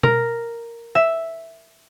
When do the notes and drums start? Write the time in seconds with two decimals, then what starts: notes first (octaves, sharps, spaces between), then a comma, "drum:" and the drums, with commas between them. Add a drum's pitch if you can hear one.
0.03 A#4, drum: tom B2
0.95 E5